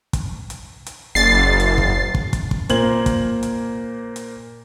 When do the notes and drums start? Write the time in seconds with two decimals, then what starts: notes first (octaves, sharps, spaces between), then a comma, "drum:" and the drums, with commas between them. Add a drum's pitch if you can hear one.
0.13 drum: kick, hi-hat
0.50 drum: hi-hat
0.86 drum: hi-hat
1.15 F#1 A6 C7
1.60 drum: hi-hat
1.78 drum: kick
2.15 drum: kick
2.33 drum: kick, hi-hat
2.51 drum: kick
2.69 A#2 A#3 C5 G#6 F#7, drum: hi-hat
3.06 drum: kick, hi-hat
3.43 drum: hi-hat
4.16 drum: hi-hat